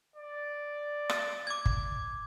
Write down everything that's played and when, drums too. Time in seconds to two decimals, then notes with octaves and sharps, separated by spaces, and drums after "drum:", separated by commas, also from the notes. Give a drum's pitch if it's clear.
0.16 D5
1.09 drum: rim click
1.47 D6 G#6
1.66 drum: kick